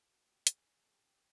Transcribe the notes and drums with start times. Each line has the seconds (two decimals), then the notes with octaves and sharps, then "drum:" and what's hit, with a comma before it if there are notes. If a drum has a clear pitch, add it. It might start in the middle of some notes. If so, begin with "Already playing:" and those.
Already playing: A4
0.12 F#4
0.23 G4
0.35 G4
0.47 G#4, drum: hi-hat
0.58 G#4
0.70 G#4
0.81 A4
0.92 G4
1.04 G4